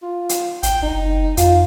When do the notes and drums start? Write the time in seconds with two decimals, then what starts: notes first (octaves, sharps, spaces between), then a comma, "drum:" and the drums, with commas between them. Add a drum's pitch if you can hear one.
0.02 F4
0.29 drum: hi-hat
0.63 A1 G5, drum: hi-hat
0.82 F#1 D#4
1.37 F2 F4, drum: hi-hat